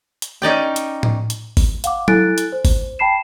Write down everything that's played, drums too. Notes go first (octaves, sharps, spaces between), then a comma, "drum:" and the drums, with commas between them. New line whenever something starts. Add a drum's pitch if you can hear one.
drum: hi-hat
C#4 D#4 D5 G5
drum: hi-hat
drum: tom A2
drum: hi-hat
drum: kick G#1, open hi-hat
F5 F#5 D6, drum: hi-hat
E4 A4 G#5 F#6 A6 D7, drum: tom F#3
drum: hi-hat
C5
drum: kick G#1, open hi-hat
G5 A5 B5 C7 E7